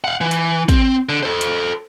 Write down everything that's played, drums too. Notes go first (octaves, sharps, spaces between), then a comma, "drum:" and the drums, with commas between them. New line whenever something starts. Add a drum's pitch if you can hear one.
F5 F#5
E3
drum: hi-hat
C4, drum: kick, hi-hat
D3
A4 C5
drum: hi-hat